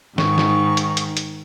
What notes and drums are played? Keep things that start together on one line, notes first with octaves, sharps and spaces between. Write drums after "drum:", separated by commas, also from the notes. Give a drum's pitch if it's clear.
G#2 D#3 D#4 C#6, drum: snare
drum: snare
drum: hi-hat
drum: hi-hat
drum: hi-hat